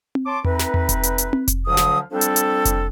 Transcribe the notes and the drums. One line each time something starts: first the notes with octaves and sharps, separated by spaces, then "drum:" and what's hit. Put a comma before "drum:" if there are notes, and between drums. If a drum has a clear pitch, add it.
drum: tom C4
C#5 A5 C6 D6
A3 C4 D#4 B4, drum: tom E2
drum: snare
drum: tom E2
drum: kick F1, hi-hat
drum: hi-hat
drum: hi-hat
drum: tom C4
drum: kick F1, hi-hat
D2 D3 F3 F#3 F5 D#6
drum: snare
F3 G3 C4 D4 G4 A4
drum: hi-hat
drum: hi-hat
drum: kick F1, hi-hat